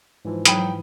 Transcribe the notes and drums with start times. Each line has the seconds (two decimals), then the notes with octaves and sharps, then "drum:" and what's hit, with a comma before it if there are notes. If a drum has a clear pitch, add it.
0.25 G#2 E3 F3
0.45 F#3 G5 B5 D#6, drum: hi-hat